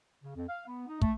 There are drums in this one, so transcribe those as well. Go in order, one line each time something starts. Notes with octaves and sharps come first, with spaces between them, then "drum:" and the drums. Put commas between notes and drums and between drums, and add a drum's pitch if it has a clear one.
C#3
F2
F5
B3
D#4
A3, drum: kick